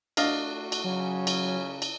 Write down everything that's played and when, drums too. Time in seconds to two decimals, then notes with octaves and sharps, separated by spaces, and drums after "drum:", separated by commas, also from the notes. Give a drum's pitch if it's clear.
0.17 A3 D4 F#4 D#5 F5, drum: cymbal
0.72 drum: cymbal
0.84 C#3 F#3 C#4
1.27 drum: cymbal
1.82 drum: cymbal